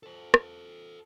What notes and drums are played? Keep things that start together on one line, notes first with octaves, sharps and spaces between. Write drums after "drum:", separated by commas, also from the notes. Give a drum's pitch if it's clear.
A4 C5
drum: rim click